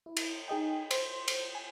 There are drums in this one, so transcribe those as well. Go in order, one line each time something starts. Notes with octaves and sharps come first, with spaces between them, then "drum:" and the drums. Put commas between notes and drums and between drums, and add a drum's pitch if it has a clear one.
E4
drum: cymbal
D#4 G#4 D#5 G5
C5, drum: cymbal
drum: cymbal
G#5